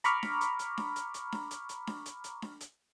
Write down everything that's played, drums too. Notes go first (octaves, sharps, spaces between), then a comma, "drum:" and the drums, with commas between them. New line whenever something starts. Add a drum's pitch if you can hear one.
A#5 B5 C#6 D6 F6, drum: hi-hat
drum: snare D4
drum: hi-hat
drum: hi-hat
drum: snare D4
drum: hi-hat
drum: hi-hat
drum: snare D4
drum: hi-hat
drum: hi-hat
drum: snare D4
drum: hi-hat
drum: hi-hat
drum: snare D4
drum: hi-hat